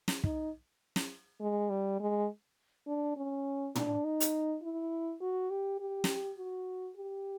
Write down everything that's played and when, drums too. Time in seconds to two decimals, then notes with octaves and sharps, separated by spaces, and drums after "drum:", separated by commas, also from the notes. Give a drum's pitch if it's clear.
0.08 drum: snare
0.24 D#4, drum: kick
0.96 drum: snare
1.40 G#3
1.70 G3
2.00 G#3
2.87 D4
3.16 C#4
3.75 D4, drum: tom
4.04 D#4
4.20 drum: hi-hat
4.63 E4
5.21 F#4
5.50 G4
5.80 G4
6.04 drum: snare
6.37 F#4
6.96 G4